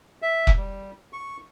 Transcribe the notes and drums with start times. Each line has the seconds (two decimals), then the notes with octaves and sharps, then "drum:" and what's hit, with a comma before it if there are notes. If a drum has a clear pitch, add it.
0.22 E5
0.47 drum: kick
0.57 G3
1.13 C#6